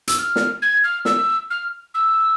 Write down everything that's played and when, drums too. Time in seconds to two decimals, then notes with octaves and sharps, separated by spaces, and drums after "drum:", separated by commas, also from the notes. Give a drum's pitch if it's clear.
0.07 E6, drum: hi-hat
0.18 F6
0.36 drum: snare
0.62 G#6
0.84 F6
1.05 E6, drum: snare
1.50 F6
1.94 E6